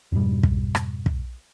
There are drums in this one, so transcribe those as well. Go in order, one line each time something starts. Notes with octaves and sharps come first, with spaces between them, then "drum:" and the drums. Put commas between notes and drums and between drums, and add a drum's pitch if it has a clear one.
F2 G#2 B2 G3
drum: kick
drum: rim click
drum: kick